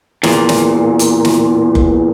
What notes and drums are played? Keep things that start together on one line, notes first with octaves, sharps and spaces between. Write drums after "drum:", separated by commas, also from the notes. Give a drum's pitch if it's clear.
E2 A#2, drum: snare
drum: snare
drum: hi-hat
drum: snare
drum: kick F#1